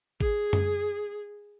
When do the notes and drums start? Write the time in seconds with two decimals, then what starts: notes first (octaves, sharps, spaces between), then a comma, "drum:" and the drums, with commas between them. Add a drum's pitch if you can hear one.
0.20 G#4, drum: kick A1
0.53 drum: tom F#2